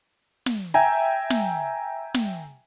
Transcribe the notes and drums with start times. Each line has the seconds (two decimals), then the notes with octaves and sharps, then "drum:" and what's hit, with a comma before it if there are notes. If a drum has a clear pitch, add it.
0.46 drum: snare
0.74 E5 G5 G#5 A#5
1.30 drum: snare
2.14 drum: snare